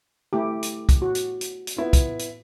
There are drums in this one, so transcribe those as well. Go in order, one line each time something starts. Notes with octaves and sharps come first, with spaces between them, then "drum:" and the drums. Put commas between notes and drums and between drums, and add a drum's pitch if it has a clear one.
A3 E4 G4 D6
drum: hi-hat
drum: kick, hi-hat
F#4
drum: hi-hat
drum: hi-hat
drum: hi-hat
B3 E4 F4
drum: kick, hi-hat
drum: hi-hat